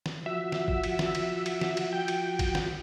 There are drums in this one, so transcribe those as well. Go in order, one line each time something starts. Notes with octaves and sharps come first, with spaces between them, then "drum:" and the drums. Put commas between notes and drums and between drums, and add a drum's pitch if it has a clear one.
drum: snare
F3 F#4 E5
drum: snare
drum: kick G#1
drum: cymbal
drum: snare
drum: cymbal
drum: cymbal
drum: snare
drum: cymbal
G5
drum: cymbal
drum: kick G#1, cymbal
drum: snare